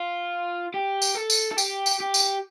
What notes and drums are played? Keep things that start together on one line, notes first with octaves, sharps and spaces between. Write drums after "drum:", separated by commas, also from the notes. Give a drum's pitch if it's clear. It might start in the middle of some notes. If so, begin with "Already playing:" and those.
Already playing: F4
G4
drum: tambourine
A4
drum: tambourine
A4
G4, drum: tambourine
drum: tambourine
G4
drum: tambourine